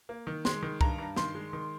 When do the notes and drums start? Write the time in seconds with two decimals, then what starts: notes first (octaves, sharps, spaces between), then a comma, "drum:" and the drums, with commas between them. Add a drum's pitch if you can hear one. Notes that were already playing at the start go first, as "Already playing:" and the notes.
0.09 A#3
0.27 D#3
0.45 G#3 C6, drum: snare
0.63 D#3
0.81 G2 A#5, drum: kick C2
0.98 G2
1.16 D#3 C6, drum: snare
1.35 G#3
1.53 D#3